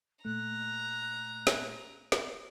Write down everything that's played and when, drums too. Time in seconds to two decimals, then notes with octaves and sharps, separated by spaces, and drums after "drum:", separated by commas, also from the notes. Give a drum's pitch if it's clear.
0.25 A#2 A3 A#5 F#6
1.47 drum: snare
2.12 drum: snare